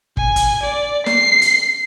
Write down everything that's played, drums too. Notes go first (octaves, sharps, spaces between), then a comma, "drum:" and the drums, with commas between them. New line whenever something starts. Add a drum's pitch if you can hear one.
G#5, drum: kick
drum: kick, hi-hat
D5
C7, drum: snare
drum: hi-hat